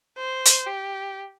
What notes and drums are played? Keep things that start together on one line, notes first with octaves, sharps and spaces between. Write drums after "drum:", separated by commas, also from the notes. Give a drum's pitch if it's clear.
C5
drum: hi-hat
G4